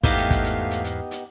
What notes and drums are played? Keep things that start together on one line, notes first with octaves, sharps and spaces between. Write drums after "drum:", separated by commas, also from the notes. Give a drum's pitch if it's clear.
E2 G#2 A3 B3 D#4 G4 F5, drum: kick, hi-hat
drum: hi-hat
drum: kick, hi-hat
drum: hi-hat
drum: hi-hat
drum: hi-hat
drum: hi-hat